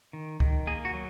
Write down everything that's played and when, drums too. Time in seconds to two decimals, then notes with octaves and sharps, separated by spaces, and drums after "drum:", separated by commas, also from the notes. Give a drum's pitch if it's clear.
0.13 D#3
0.40 D#3, drum: kick
0.67 A#3 G#4
0.85 F#4
0.94 F#3